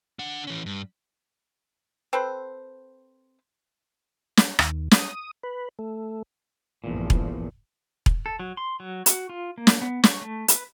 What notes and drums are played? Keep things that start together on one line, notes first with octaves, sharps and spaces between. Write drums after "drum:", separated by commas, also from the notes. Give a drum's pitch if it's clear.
D4 F#5
E3 C#4
G2
C4 A4 B4 C5
drum: snare
D#2, drum: rim click
D#6, drum: snare
B4
A3
A#1 E2 G2 A#2 F3
drum: kick E1
drum: kick E1
A4
F#3
C6
F#3
F#4, drum: hi-hat
F4
A#3
drum: snare
B3
C#6, drum: snare
A3
B4, drum: hi-hat